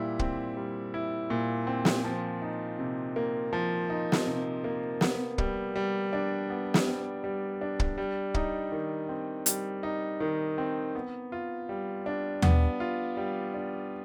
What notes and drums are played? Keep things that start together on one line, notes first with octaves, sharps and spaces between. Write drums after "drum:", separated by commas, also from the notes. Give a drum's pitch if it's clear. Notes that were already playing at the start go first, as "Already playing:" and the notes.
Already playing: A#2 G3 E4
C4, drum: kick
G3
E4
A#2
C4
drum: snare
F3
D#4
C3
A#3
F3
D#4
drum: snare
C3
A#3
B3, drum: snare
G3, drum: kick
G3
D4
B3
drum: snare
G3
G3
D4
drum: kick
G3
D#4, drum: kick
D#3
C4
G3, drum: hi-hat
D#4
D#3
C4
B3
F4
G3
D4
B3, drum: tom D#2
F4
G3
D4